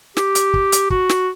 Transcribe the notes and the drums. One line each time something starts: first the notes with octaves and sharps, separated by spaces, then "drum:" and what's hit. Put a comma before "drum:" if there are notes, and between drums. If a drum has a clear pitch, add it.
G4, drum: snare
drum: hi-hat
drum: kick
drum: hi-hat
F#4, drum: kick
drum: snare